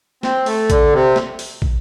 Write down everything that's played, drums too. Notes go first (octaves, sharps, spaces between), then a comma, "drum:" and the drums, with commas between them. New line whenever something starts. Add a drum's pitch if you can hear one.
C4, drum: snare
A3, drum: open hi-hat
D3, drum: kick, hi-hat
C3
drum: snare
drum: open hi-hat
drum: kick